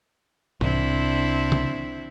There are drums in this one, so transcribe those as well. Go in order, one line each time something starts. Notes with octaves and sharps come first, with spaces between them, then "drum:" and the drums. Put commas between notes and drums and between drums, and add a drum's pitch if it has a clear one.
C2 C4 D4 E4, drum: tom G#2
drum: tom C#3